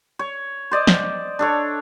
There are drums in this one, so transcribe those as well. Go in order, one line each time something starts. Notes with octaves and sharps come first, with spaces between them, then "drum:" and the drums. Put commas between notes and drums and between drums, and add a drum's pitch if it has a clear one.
C#5
C5 D5 D#5
drum: snare
D4 A4 C#5